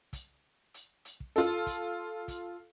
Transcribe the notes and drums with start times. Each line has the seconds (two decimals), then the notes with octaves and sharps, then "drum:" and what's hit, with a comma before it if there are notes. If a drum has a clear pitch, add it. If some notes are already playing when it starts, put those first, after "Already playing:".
0.13 drum: kick, hi-hat
0.74 drum: hi-hat
1.05 drum: hi-hat
1.20 drum: kick
1.36 F4 A4, drum: hi-hat
1.66 drum: kick, hi-hat
2.28 drum: kick, hi-hat